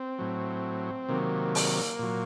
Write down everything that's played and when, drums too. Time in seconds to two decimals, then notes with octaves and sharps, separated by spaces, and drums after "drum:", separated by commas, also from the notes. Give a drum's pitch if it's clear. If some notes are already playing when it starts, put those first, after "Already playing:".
Already playing: C4
0.19 A2 F#3
1.09 C3 D#3 F#3 A#3
1.55 drum: open hi-hat
1.99 A#2 F#3